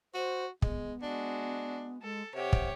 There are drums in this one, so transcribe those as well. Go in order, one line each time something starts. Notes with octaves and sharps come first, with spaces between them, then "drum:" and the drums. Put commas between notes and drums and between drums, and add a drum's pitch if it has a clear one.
F#4 C5
G#3 B3, drum: kick
G#3 D4 F#4
G#3 A4
C3 G4 C#5 F#5
drum: kick